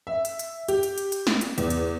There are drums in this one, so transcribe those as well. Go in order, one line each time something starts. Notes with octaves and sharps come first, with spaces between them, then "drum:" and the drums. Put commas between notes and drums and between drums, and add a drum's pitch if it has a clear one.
E5
drum: hi-hat
drum: hi-hat
G4, drum: hi-hat
drum: hi-hat
drum: hi-hat
drum: hi-hat
drum: snare
drum: hi-hat
E2, drum: hi-hat
drum: hi-hat